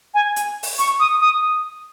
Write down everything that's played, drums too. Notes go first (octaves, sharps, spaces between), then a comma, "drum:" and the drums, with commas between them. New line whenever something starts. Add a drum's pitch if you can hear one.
G#5
drum: hi-hat
drum: open hi-hat
C#6, drum: hi-hat
D#6
D#6